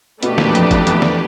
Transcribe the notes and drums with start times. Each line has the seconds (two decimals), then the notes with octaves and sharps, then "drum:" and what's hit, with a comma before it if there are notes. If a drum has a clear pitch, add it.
0.23 B2 F3 A3 D4 G4 B4, drum: hi-hat
0.38 A#2, drum: snare
0.47 E2
0.55 F2, drum: hi-hat
0.71 F2, drum: kick G1, hi-hat
0.87 E2, drum: hi-hat
1.02 drum: snare